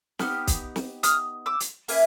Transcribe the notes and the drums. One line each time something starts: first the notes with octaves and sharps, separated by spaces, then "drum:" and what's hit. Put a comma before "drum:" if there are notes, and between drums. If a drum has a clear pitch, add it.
B3 D#4 G4 F6, drum: snare
drum: kick, hi-hat
drum: snare
D#6 F6, drum: hi-hat
D6 E6
drum: hi-hat
A#3 C#4 E4, drum: open hi-hat